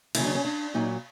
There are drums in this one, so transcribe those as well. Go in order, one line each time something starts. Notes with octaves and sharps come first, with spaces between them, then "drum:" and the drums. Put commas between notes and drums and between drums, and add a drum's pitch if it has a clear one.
D#2 C#3 F#3 E4, drum: cymbal
D4
C#4
D4
A#2 F#3 D#4